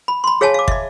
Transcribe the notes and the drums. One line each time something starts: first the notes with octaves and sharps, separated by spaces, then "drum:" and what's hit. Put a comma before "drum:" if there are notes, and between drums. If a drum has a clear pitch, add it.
B5
B5 C6
G#4 C#5 F5 G#5 A5
F5 D6
D#5 E5, drum: kick